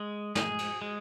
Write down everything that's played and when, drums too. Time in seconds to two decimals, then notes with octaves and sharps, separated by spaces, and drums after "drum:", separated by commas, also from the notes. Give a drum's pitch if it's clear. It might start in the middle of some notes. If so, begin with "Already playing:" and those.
Already playing: G#3
0.35 G#4, drum: snare
0.59 drum: cymbal
0.82 G#3